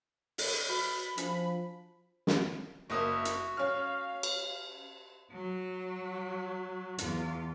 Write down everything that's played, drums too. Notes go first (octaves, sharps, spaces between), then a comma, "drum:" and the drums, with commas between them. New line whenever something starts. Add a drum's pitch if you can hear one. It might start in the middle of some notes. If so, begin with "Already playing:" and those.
drum: open hi-hat
F#4 B4 B5
F3 D4, drum: hi-hat
drum: snare
F#1 A#3 F#4 E5 D#6
drum: hi-hat
C#4 F5 F6
drum: cymbal
F#3
E2 F4, drum: hi-hat